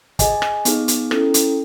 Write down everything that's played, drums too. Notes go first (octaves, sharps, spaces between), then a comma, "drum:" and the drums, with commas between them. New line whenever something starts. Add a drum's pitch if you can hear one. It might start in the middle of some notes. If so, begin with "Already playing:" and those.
G#4 D#5 G#5, drum: kick, hi-hat
drum: rim click
B3 D#4 G#4, drum: hi-hat
drum: hi-hat
C#4 E4 A4, drum: rim click
drum: hi-hat